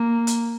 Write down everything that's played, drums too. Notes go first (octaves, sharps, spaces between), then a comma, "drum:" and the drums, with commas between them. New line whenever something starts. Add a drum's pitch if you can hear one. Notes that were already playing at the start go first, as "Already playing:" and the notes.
Already playing: A#3
drum: hi-hat